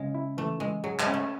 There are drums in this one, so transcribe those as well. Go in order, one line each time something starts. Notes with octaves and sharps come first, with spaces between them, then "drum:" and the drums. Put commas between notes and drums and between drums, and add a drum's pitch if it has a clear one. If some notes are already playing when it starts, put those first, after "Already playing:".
Already playing: C#3 G#3
E4
E3 A3
E3 G#3
F#3 G#4
G#3, drum: clap
C#4
A3